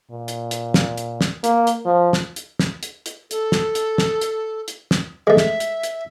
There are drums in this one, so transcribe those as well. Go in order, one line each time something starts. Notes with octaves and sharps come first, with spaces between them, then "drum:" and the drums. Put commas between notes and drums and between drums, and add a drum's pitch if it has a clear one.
A#2
drum: hi-hat
drum: hi-hat
drum: snare
drum: hi-hat
drum: snare
A#3, drum: hi-hat
drum: hi-hat
F3
drum: snare
drum: hi-hat
drum: snare
drum: hi-hat
drum: hi-hat
A4, drum: hi-hat
drum: snare
drum: hi-hat
drum: snare
drum: hi-hat
drum: hi-hat
drum: snare
G#3 A3 E5
drum: snare
drum: hi-hat
drum: hi-hat